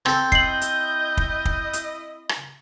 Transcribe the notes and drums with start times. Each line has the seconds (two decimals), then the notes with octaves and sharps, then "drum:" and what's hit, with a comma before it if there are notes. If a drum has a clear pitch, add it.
0.05 C4 A4 G6, drum: rim click
0.32 E4 D#5 C7 F#7, drum: kick
0.61 drum: hi-hat
1.17 drum: kick
1.45 drum: kick
1.73 drum: hi-hat
2.29 drum: rim click